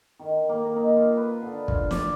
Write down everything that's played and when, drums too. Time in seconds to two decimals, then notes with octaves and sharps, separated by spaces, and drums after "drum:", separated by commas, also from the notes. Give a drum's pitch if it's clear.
0.19 D#3
0.49 A#3
0.65 A#4
0.76 D#4
0.97 F4
1.17 B4
1.42 D3
1.68 F4, drum: kick
1.91 D5, drum: snare